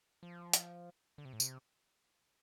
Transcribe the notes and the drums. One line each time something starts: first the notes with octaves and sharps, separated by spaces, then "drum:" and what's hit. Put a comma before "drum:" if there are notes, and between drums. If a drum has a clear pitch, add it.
F3
drum: hi-hat
D3
C3
A2
C3, drum: tambourine